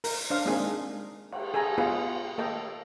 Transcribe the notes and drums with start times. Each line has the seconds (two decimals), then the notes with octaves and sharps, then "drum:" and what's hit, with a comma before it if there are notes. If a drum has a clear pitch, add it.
0.04 A#4, drum: open hi-hat
0.30 D4 C5 F5
0.46 G#3 A#3 C4 D4 D#4 G#4
1.32 drum: cymbal
1.54 G#4 A4 G#5 A#5
1.78 B3 F4 G#4 D#5 F#5
2.38 A#3 A4 D#5 G5